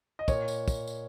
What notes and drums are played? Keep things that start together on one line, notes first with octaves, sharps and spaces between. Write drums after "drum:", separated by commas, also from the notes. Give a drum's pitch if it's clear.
D#5
A#2 C#5, drum: kick, tambourine
drum: tambourine
drum: kick, tambourine
drum: tambourine